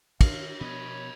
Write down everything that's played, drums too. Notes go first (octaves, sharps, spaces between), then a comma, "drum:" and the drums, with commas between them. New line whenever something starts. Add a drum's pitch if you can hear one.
D#3 D4 F5, drum: kick, cymbal
B2 F3 B3 C#5 D#5 B5